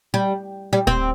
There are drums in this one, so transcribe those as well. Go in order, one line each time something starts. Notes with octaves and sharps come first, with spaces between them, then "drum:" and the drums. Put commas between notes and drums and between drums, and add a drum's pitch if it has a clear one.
G3
G3
C4, drum: kick D1